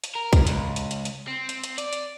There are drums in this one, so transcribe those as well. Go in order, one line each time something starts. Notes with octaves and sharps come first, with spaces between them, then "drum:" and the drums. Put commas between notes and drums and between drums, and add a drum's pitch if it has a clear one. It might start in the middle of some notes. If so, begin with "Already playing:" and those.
drum: hi-hat
A#4
drum: kick, hi-hat
C#2, drum: hi-hat
drum: hi-hat
drum: hi-hat
drum: hi-hat
C4
drum: hi-hat
drum: hi-hat
D5, drum: hi-hat
drum: hi-hat